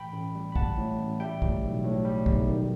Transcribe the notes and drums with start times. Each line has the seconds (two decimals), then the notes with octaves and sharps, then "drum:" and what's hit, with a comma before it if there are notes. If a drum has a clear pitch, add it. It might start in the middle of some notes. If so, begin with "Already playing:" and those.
Already playing: A1 G5 B5
0.13 A1
0.35 G3
0.52 B5
0.56 A2 F#5 A5, drum: kick
0.78 A2
0.98 A1
1.20 G3 E5 G5
1.42 A2, drum: kick
1.63 B1
1.84 A2
2.05 G3
2.26 B1, drum: kick
2.48 D#3